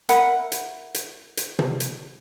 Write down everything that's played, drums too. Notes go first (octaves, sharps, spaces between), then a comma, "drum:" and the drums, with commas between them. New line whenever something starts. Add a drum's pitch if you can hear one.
A#4 E5 F#5 B5, drum: hi-hat
drum: hi-hat
drum: hi-hat
drum: hi-hat
drum: tom
drum: hi-hat